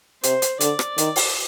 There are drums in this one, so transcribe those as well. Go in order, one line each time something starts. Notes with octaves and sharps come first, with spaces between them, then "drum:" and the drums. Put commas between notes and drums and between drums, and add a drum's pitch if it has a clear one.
C3 C5, drum: hi-hat
drum: hi-hat
D3 D5, drum: hi-hat
drum: rim click
D#3, drum: hi-hat
drum: open hi-hat